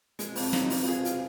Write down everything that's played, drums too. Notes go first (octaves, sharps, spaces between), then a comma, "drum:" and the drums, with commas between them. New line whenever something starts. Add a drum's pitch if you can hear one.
F3 G#3, drum: hi-hat
F2 C4, drum: open hi-hat
F2 D#4, drum: snare
F2 F4, drum: open hi-hat
F3 G#4
F4, drum: hi-hat